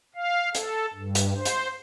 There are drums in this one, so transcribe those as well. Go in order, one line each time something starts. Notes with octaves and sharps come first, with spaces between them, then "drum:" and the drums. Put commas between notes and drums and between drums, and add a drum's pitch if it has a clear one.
F5
A4, drum: hi-hat
G2
drum: hi-hat
C5
drum: hi-hat